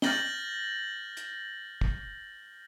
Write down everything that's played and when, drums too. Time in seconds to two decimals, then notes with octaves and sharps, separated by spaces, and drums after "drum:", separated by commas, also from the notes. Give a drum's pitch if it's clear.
0.02 F6 G6 A6 A#6 F#7 G7, drum: snare
1.17 drum: hi-hat
1.81 drum: kick